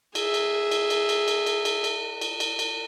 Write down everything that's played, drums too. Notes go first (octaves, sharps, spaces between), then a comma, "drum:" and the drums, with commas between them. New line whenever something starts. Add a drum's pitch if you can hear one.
G#4 E5, drum: cymbal
drum: cymbal
drum: cymbal
drum: cymbal
drum: cymbal
drum: cymbal
drum: cymbal
drum: cymbal
drum: cymbal
drum: cymbal
drum: cymbal
drum: cymbal